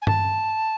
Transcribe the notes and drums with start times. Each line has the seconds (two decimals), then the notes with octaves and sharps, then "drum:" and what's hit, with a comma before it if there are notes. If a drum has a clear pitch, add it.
0.02 G#5
0.07 A5, drum: tom G2